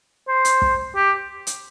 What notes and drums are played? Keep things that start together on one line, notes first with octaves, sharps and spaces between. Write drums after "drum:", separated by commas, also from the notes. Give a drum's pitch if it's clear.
C5
drum: hi-hat
drum: kick
G4
drum: hi-hat